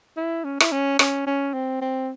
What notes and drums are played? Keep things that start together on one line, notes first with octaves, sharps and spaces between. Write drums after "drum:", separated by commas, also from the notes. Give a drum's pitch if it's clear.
E4
C#4
E4, drum: rim click
C#4
C#4, drum: rim click
C#4
C4
C4